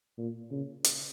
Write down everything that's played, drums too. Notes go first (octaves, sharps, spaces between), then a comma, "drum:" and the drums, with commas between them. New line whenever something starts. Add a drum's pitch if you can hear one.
A#2
C#3
drum: hi-hat